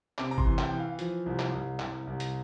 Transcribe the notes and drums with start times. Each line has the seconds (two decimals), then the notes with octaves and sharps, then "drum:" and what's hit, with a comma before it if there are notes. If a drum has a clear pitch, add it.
0.18 C3 D6, drum: clap
0.31 A#5
0.38 C6, drum: kick
0.45 E3
0.58 G5, drum: clap
0.72 E3
0.79 F5
0.99 F3, drum: hi-hat
1.26 C2
1.39 drum: clap
1.53 C2
1.79 C2, drum: clap
2.07 C2
2.20 drum: hi-hat